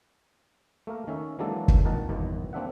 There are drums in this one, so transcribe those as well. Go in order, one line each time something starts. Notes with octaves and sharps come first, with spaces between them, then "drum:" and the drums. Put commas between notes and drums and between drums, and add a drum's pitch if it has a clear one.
A3 A#3 A#4
D#3 C#4 E5
E3 F#3 G#3 A#3 D4 A4
drum: kick
G#1 A#2 D#4 A#4 F#5 A5
G1 E2 B2 D#3
A#3 C4 D4 E5 F#5